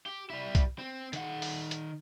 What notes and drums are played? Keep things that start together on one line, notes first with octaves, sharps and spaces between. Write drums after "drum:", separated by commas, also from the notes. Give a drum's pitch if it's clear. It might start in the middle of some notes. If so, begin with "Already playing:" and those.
G4
G3 E4
drum: kick B1, hi-hat
C4
D#3 F#5, drum: hi-hat
drum: open hi-hat
drum: hi-hat